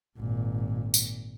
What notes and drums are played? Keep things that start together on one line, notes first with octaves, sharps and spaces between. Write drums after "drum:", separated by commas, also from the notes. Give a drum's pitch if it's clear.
G#1 A#2
drum: tambourine